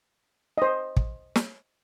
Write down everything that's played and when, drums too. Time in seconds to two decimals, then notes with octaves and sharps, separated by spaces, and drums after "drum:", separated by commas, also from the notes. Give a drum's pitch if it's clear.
0.58 C5 D#5
0.97 drum: kick
1.36 drum: snare